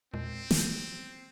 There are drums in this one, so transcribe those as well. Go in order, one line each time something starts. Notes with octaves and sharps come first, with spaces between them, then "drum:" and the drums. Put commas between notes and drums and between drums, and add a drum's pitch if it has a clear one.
E2 A#2 G#3 C4
drum: snare